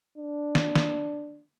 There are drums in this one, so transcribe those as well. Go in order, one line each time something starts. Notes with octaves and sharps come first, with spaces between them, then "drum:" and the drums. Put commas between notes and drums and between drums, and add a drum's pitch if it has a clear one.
D4
drum: snare
drum: snare